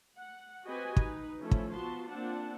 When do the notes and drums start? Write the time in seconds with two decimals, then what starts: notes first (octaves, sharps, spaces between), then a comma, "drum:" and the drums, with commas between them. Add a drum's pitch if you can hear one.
0.18 F#5
0.66 C4 F#4 G4 B4 D#5 G#5
0.97 D#4 B4, drum: kick
1.38 F3 A3 C#4 E4 A4
1.51 drum: kick
1.73 B3 F4 F#4 A5 C6
2.09 A#3 C4 D4 F4 F#5 A5